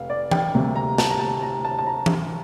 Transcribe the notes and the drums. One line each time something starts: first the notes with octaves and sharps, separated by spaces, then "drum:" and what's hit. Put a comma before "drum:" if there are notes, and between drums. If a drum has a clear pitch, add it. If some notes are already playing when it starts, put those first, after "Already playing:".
Already playing: F1 F5
D5
G5, drum: tom E3
D2 C3 G3 A#3
A#5
A5, drum: snare
A#5
A5
A#5
A5
A5
A#5
drum: tom E3